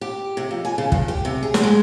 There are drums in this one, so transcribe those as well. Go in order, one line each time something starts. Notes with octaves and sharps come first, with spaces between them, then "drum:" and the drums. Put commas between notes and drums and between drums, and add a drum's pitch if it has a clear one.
G4
C3
F2
G#5
C#3
G2, drum: kick
G4
C3
G#4
drum: snare
G#3